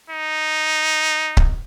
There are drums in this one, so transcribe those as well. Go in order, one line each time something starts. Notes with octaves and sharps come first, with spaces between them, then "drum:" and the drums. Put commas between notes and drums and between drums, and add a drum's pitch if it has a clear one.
D#4
drum: kick C#1